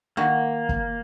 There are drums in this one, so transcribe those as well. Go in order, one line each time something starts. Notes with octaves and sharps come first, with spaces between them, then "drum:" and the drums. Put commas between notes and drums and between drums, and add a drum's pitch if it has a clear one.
D#3 A#3 F#4
drum: kick